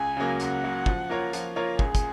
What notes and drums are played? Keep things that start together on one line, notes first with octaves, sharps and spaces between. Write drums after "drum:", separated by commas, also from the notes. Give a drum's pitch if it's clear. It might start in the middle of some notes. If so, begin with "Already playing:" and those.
Already playing: C#2 G#5
C#3 F#3 A#3
C#2 F#5, drum: hi-hat
C#3 F#3 A#3
F3, drum: kick
A#3 F4 A#4 C#5
F3, drum: hi-hat
A#3 F4 A#4 C#5
C#2 G#4, drum: kick
drum: kick, hi-hat